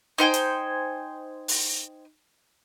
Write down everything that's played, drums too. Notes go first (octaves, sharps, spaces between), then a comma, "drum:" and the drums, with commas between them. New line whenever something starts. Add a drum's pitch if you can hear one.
D#4 C5 G5 G#5
drum: hi-hat
drum: open hi-hat